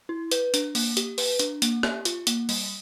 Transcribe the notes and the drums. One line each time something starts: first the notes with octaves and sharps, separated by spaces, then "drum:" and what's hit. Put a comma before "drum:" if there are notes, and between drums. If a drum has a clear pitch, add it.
E4
B4, drum: hi-hat
D4, drum: hi-hat
A#3, drum: open hi-hat
G4, drum: hi-hat
B4, drum: open hi-hat
D4, drum: hi-hat
A#3, drum: hi-hat
G4, drum: rim click
F4, drum: hi-hat
A#3, drum: hi-hat
G3, drum: open hi-hat